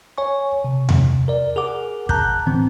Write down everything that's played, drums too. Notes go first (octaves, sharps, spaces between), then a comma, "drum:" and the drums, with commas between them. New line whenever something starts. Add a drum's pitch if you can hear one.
C#5 G#5 C#6
C3
drum: tom E2
A#4 D5
G#4 A#4 F#5 D6
A5 A#5 F#6 G6, drum: kick
A2 D3 E3 C4